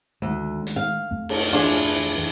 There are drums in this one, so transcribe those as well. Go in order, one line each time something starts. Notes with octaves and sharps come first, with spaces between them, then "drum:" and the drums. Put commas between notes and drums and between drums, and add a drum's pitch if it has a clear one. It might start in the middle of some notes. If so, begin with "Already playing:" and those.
D2 D#3 G#3
drum: hi-hat
F5
F2 A3
drum: cymbal
E3 D4 F4 G#4